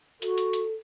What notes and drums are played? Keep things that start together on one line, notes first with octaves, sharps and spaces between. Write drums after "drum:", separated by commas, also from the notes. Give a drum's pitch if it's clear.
F#4 A4, drum: hi-hat
drum: hi-hat
drum: hi-hat